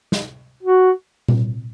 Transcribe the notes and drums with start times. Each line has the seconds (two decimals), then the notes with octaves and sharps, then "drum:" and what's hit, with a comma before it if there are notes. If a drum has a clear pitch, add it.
0.12 drum: snare
0.63 F#4
1.28 drum: tom A#2